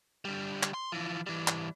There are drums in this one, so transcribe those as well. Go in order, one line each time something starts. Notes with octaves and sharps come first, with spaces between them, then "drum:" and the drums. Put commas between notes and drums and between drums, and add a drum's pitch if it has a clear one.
D3 G3
drum: clap
C6
E3 F3
E3 G3
drum: clap